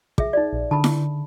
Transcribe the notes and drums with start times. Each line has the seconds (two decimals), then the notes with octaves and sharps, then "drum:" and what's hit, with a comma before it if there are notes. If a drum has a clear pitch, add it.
0.18 G#4 E5, drum: kick
0.33 D#4 D5
0.53 A#1
0.71 D3 A5 B5
0.84 drum: snare E4